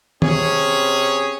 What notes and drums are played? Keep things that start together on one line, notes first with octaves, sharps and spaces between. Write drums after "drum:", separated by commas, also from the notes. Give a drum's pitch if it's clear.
C3 C#4 G#4 C#5, drum: tom D#3